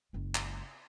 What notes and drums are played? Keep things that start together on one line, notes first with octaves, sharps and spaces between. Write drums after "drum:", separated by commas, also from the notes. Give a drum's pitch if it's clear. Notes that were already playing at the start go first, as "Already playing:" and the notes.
F#1 G#3
drum: clap